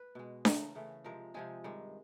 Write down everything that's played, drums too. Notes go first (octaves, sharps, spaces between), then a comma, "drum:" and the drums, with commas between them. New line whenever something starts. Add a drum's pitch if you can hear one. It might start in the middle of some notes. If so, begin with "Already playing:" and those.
Already playing: B4
B2 G#3
C#3 E3 A3 A#4, drum: snare D4
C#3 E3 A3
C3 F3 G#3 A#4
C3 F3 G#3 G#4
G2 D#3 G#3